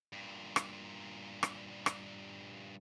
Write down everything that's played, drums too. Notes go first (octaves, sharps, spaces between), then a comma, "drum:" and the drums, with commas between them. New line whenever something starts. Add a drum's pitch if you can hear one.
G2 A#2
drum: rim click
drum: rim click
drum: rim click